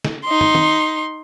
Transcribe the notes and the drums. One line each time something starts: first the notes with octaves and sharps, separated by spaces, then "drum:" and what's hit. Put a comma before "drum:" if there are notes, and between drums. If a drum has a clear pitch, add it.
drum: snare
D#4 C6
drum: tom
drum: tom